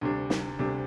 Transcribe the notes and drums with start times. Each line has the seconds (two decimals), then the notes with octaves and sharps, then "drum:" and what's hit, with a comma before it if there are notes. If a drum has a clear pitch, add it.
0.01 D2 C3 G3 D4
0.30 drum: snare
0.59 D2 C3 G3 D4